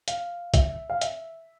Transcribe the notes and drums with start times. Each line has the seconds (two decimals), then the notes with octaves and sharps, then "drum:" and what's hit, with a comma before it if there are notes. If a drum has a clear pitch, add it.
0.08 F5, drum: hi-hat
0.54 E5, drum: kick A#1, hi-hat
0.90 F5
1.01 E5, drum: hi-hat